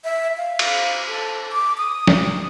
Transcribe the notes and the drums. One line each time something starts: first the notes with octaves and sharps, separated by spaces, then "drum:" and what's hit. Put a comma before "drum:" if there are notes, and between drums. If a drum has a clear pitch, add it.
E5
F5
drum: cymbal
A4
D6
D#6
drum: snare